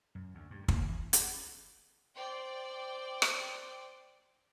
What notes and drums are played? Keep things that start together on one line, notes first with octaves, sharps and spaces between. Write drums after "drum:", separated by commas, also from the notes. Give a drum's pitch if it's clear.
F#2
D2
G2
A#3, drum: kick
E3
drum: hi-hat
C5 D5 G5
drum: rim click